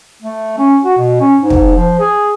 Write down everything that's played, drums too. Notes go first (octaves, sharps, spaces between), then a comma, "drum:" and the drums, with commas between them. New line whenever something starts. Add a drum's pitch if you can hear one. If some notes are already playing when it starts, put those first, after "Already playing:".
A3
C#4
F#4
B2
C#4
G#2
drum: kick
F3
G#4